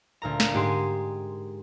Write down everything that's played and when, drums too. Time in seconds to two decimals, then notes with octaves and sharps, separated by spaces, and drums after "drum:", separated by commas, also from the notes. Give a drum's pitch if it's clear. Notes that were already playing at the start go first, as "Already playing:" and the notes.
0.22 D2 A#2 A#5
0.40 drum: snare
0.53 G#2 G4 G#4 C6